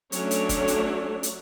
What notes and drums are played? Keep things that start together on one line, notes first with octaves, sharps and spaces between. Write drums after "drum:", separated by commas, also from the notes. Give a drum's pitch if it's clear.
F#3 A3 C#4 D4 C#5, drum: hi-hat
drum: hi-hat
drum: kick, hi-hat
drum: hi-hat
drum: hi-hat